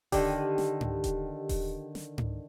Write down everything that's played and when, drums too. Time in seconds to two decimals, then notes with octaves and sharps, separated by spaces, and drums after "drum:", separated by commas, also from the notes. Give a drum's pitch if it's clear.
0.12 D3 D#3 G4, drum: kick D#1, open hi-hat
0.58 drum: snare
0.81 drum: tom G#2
1.04 drum: kick D#1, hi-hat
1.49 drum: kick D#1, open hi-hat
1.95 drum: snare
2.18 drum: tom G#2